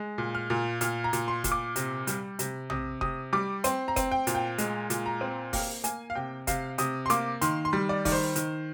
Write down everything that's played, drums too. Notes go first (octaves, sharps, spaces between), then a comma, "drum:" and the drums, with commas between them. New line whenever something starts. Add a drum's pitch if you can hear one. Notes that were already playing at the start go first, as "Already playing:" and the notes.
Already playing: G#3
A#2
F6
A#2
A#2 F6, drum: hi-hat
A#5
A#2, drum: hi-hat
C6
A#2, drum: kick F1, hi-hat
D6
C3, drum: hi-hat
G3, drum: hi-hat
C3, drum: hi-hat
C3 D#6, drum: tom A#1
C3 D#6, drum: kick F1
G3 D6
C4 C6, drum: hi-hat
A#5
C4, drum: kick F1, hi-hat
G5
A#2, drum: hi-hat
G5
G#3, drum: hi-hat
A#2, drum: hi-hat
A#5
C4
A#3 G5, drum: kick F1, open hi-hat
A#3 G#5, drum: hi-hat
F5
C3 G5
C3 F5, drum: kick F1, hi-hat
C3 D#6, drum: hi-hat
C6
A#3 D6, drum: hi-hat
D#3 C6, drum: hi-hat
C6
G3
D5
D#3 D5, drum: kick F1, open hi-hat
C5
D#3, drum: hi-hat